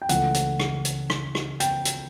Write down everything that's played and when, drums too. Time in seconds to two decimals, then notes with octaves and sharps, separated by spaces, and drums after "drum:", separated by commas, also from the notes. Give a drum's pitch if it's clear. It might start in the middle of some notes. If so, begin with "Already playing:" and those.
0.02 G5
0.09 C#2 C#3 E3 A3 F#5, drum: hi-hat
0.34 drum: hi-hat
0.60 drum: rim click
0.85 drum: hi-hat
1.10 drum: rim click
1.35 drum: rim click
1.60 G5, drum: hi-hat
1.85 drum: hi-hat